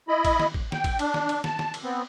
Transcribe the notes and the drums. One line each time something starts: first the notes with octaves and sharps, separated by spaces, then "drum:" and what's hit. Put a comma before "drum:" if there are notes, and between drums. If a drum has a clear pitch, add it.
E4 D#5 B5
drum: kick, cymbal
drum: snare
drum: kick
G5, drum: snare
drum: kick, cymbal
D4, drum: cymbal
drum: snare
drum: cymbal
A5, drum: snare
drum: snare
drum: cymbal
B3 C4